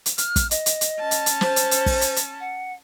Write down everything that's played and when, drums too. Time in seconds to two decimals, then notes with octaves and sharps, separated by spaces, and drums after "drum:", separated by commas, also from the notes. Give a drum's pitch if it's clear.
0.06 drum: hi-hat
0.18 F6, drum: hi-hat
0.36 drum: kick, hi-hat
0.51 D#5, drum: hi-hat
0.66 drum: hi-hat
0.81 drum: hi-hat
0.99 C#4 A5
1.11 drum: hi-hat
1.26 drum: hi-hat
1.41 C5, drum: snare
1.56 drum: hi-hat
1.71 drum: hi-hat
1.86 drum: kick, open hi-hat
2.01 drum: hi-hat
2.16 drum: hi-hat
2.40 F#5